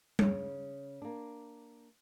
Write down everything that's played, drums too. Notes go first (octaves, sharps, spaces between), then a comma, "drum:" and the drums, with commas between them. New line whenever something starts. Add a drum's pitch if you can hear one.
C#3, drum: tom G3
A#3 D4